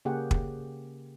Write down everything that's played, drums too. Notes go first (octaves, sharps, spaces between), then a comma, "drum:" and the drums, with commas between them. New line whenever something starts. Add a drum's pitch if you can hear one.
C#3 A#3 G4 G#4 F#5
drum: kick